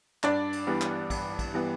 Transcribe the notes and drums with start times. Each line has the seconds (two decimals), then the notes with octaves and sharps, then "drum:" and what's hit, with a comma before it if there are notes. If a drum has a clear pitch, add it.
0.23 G2 D4 D5, drum: clap
0.53 drum: cymbal
0.67 E3 G3 B3
0.81 drum: clap
1.10 G2, drum: kick, cymbal
1.39 drum: kick, cymbal
1.54 E3 G3 B3